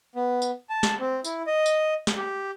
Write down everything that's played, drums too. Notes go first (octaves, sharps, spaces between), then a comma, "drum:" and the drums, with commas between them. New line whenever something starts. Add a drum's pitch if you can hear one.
B3
drum: tambourine
A5
drum: snare
C4
E4, drum: tambourine
D#5
drum: tambourine
drum: snare
G4